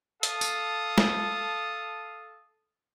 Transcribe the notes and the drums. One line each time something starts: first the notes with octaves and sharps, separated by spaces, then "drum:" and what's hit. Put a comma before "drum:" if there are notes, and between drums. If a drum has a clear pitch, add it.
A4 F5 A5 D#6, drum: hi-hat
drum: tambourine
drum: snare